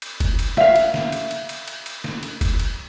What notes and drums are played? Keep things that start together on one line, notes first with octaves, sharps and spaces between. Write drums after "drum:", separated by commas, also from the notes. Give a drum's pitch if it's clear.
drum: cymbal
drum: kick F1, cymbal
drum: cymbal
E5 F5, drum: snare
drum: cymbal
drum: snare
drum: cymbal
drum: cymbal
drum: cymbal
drum: cymbal
drum: cymbal
drum: snare
drum: cymbal
drum: kick F1, cymbal
drum: cymbal